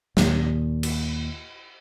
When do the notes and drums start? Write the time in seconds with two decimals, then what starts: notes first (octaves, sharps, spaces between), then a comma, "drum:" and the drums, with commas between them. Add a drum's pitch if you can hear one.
0.17 D#2 A#2, drum: snare
0.83 drum: cymbal